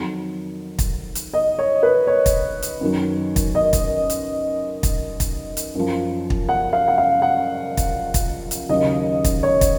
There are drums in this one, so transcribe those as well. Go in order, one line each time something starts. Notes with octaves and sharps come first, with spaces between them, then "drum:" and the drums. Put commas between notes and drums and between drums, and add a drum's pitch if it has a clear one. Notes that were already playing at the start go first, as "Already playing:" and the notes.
Already playing: F2 D#3 F#3
drum: kick, hi-hat
drum: hi-hat
D#5
C#5
B4
C#5
drum: kick, hi-hat
drum: hi-hat
F#2 D#3 F#3
drum: kick, hi-hat
D#5
drum: kick, hi-hat
drum: hi-hat
drum: kick, hi-hat
drum: kick, hi-hat
drum: hi-hat
F#2 F3
drum: kick
F#5
F5
F#5
F5
F#5
drum: kick, hi-hat
drum: kick, hi-hat
drum: hi-hat
D#2 C#3 F#3 D#5
drum: kick, hi-hat
C#5
drum: kick, hi-hat